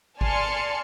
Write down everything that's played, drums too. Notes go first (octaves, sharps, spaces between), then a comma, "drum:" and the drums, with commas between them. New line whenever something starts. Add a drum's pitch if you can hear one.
D5 G#5 A5 C6 F6 C#7, drum: kick G#1